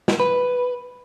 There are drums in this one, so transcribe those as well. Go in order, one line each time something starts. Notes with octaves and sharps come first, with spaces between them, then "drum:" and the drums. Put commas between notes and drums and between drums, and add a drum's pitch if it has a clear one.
drum: snare
B4